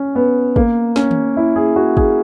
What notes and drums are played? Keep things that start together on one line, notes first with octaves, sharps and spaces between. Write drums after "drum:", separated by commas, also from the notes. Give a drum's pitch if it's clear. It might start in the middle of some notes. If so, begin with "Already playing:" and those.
Already playing: C#4
B3
A#3, drum: kick
C#4, drum: snare
drum: tom D#3
E4
G#4
F#4
G#4, drum: kick